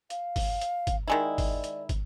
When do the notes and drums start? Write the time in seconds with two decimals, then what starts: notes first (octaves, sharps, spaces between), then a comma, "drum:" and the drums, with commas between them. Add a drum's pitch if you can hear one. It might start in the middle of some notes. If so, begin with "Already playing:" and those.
0.10 F5, drum: hi-hat
0.36 drum: kick, open hi-hat
0.61 drum: hi-hat
0.87 drum: kick, hi-hat
1.08 D#3 G#3 E4 D5
1.38 drum: kick, open hi-hat
1.64 drum: hi-hat
1.89 drum: kick, hi-hat